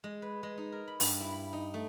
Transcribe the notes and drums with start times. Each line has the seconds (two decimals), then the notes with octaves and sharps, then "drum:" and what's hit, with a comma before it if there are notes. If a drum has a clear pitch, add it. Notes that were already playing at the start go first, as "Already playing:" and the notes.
0.04 G#3
0.22 B4
0.43 G#3
0.57 D#4
0.72 A#4
0.88 B5
1.00 G2, drum: open hi-hat
1.20 E4
1.32 B5
1.53 D#4
1.74 A3